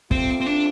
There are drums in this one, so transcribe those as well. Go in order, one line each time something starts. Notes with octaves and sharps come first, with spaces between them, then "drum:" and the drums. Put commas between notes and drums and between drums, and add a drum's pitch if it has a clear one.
C3 G3 C4 F4 A4, drum: kick
C4
D4